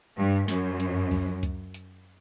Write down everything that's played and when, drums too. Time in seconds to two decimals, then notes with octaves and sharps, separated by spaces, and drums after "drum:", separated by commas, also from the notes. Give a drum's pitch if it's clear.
0.17 G2
0.48 F#2, drum: snare
0.80 drum: hi-hat
1.11 drum: kick C#2, open hi-hat
1.43 drum: kick C#2, hi-hat
1.74 drum: hi-hat